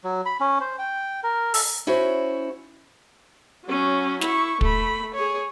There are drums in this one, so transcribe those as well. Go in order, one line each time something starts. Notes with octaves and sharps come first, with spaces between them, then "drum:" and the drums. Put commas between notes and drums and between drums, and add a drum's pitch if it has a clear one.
F#3
B5
C#4
C5
G5
A#4
A4, drum: open hi-hat
C#4 E4 F#4 C5 C#5
F#3 C#4
E4 C#6, drum: snare
A3 B5, drum: kick
G#4 C#5